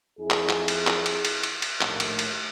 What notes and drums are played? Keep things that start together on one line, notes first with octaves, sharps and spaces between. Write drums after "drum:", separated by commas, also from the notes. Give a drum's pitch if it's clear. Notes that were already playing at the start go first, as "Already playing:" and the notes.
F2 E4 G#4
drum: clap
drum: clap
drum: cymbal
drum: clap
drum: cymbal
drum: cymbal
drum: cymbal
drum: cymbal
A#1 D#2 A2, drum: clap
drum: cymbal
drum: cymbal